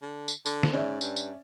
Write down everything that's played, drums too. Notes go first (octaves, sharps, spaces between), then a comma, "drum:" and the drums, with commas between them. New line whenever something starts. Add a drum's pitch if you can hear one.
D3
drum: tambourine
D3, drum: tambourine
drum: snare
G#2 C#4 D5 E5
G2, drum: tambourine
drum: tambourine